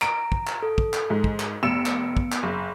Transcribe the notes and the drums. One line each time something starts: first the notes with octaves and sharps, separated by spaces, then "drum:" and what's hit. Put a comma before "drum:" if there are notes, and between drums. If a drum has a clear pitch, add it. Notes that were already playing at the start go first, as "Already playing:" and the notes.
A#5 D7, drum: clap
drum: kick
drum: clap
A4
drum: kick
drum: clap
G#2
drum: kick
drum: clap
F1 B3 E6 C#7 D7 E7
drum: clap
drum: kick
drum: clap
F#1